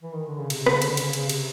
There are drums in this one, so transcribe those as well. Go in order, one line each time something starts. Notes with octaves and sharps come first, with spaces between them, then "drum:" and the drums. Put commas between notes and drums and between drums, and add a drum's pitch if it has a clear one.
E3
D#3
D3
C#3
C3, drum: cymbal
C3
C#3, drum: rim click
D3, drum: cymbal
C#3, drum: cymbal
C#3, drum: cymbal
C3, drum: cymbal